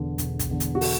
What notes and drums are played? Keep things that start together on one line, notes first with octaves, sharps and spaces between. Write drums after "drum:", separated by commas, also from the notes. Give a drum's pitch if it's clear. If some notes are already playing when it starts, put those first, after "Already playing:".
Already playing: E1 E2 D3 B3
E1, drum: hi-hat
drum: kick, hi-hat
E2 D3 B3
drum: hi-hat
F#4
A4, drum: open hi-hat